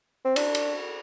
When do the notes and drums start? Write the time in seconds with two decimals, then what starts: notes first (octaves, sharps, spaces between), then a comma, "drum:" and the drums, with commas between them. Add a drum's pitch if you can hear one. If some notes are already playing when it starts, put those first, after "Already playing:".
0.25 C4
0.36 D4, drum: cymbal
0.55 drum: cymbal